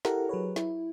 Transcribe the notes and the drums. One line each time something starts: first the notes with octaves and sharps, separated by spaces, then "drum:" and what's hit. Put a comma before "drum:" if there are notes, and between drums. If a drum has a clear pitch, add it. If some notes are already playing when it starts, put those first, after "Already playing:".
E4 G4 A4 A#4 F#5 A#5, drum: snare
F#3 G#4 B4 C#5
E4, drum: snare